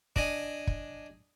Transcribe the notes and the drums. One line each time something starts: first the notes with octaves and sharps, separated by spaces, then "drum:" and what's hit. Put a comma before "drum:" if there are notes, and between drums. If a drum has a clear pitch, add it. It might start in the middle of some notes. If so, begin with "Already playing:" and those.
D4 D#5 G#5, drum: kick
drum: kick